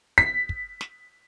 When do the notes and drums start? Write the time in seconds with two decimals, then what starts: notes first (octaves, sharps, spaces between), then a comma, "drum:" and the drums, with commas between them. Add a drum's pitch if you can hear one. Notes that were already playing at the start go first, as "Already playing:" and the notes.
0.18 B6, drum: kick
0.49 drum: kick
0.81 drum: snare